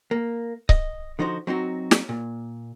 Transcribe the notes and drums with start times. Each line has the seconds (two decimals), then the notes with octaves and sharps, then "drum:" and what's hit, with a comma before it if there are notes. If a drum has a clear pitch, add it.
0.11 A#3
0.69 D#5, drum: kick C#1
1.19 D3 F3 D#4 F#4 C5
1.47 F#3 C4 D#4 F#4
1.91 drum: snare
2.09 A#2